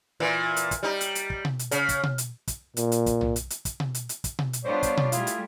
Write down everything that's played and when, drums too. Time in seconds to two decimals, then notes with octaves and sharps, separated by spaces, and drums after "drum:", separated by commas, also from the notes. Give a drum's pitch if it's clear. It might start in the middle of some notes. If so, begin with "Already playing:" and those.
0.20 A#2 E3
0.56 drum: hi-hat
0.71 drum: kick, hi-hat
0.83 G3 D#4
1.01 drum: hi-hat
1.15 drum: hi-hat
1.30 drum: kick
1.45 drum: tom B2
1.59 drum: hi-hat
1.71 C#3, drum: hi-hat
1.89 drum: kick, hi-hat
2.03 drum: tom B2
2.18 drum: hi-hat
2.48 drum: kick, hi-hat
2.77 A#2, drum: hi-hat
2.92 drum: hi-hat
3.06 drum: kick, hi-hat
3.21 drum: tom B1
3.36 drum: hi-hat
3.50 drum: hi-hat
3.65 drum: kick, hi-hat
3.80 drum: tom B2
3.95 drum: hi-hat
4.09 drum: hi-hat
4.24 drum: kick, hi-hat
4.39 drum: tom B2
4.53 drum: hi-hat
4.65 G3 B3 D4 F4 G4 C5 C#5
4.83 drum: kick, hi-hat
4.97 drum: tom B2
5.12 G3 A3 E4 F4 G#4, drum: hi-hat
5.27 drum: hi-hat